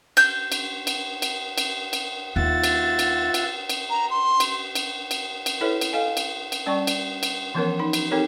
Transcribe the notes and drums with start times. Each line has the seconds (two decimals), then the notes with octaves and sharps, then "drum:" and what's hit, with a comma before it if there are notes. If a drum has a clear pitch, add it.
0.17 G6, drum: cymbal
0.52 drum: cymbal
0.87 drum: cymbal
1.22 drum: cymbal
1.58 drum: cymbal
1.93 drum: cymbal
2.36 D#2 D#4 F4 E5 F#5 A6
2.64 drum: cymbal
2.99 drum: cymbal
3.34 drum: cymbal
3.70 drum: cymbal
3.90 A#5
4.10 C6
4.40 drum: cymbal
4.75 drum: cymbal
5.11 drum: cymbal
5.46 drum: cymbal
5.61 E4 A4 B4 C#5 E5
5.81 drum: cymbal
5.93 A4 D#5 F5 G#5
6.17 drum: cymbal
6.52 drum: cymbal
6.66 G3 C#4 D5 G5 A5 C#6
6.87 drum: cymbal
7.23 drum: cymbal
7.55 E3 F3 B3 C#4 A#4 C#5
7.79 D#4 B5 C6
7.93 drum: cymbal
8.11 C4 D#4 G4 A4 A#4 C#5